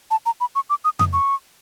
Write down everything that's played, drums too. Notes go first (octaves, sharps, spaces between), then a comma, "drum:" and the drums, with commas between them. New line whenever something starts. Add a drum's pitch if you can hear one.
A5
A#5
B5
C#6
D6
D#6
D#6, drum: tom F2
C#6